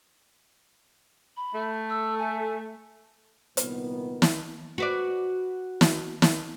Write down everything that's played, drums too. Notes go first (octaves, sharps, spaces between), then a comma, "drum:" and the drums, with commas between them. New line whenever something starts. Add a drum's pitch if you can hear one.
B5
A3
E6
G#5
C2 A#2 D#3 B3, drum: hi-hat
drum: snare
F#4 B4 D5
drum: snare
drum: snare